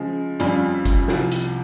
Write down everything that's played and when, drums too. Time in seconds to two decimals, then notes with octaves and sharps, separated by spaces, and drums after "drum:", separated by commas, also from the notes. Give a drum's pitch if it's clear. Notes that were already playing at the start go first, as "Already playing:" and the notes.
Already playing: C#3 F3 G#3
0.40 F2 C#3 G3 C#4 F4, drum: hi-hat
0.85 drum: kick, hi-hat
1.08 C2 C3 F3, drum: snare
1.31 drum: hi-hat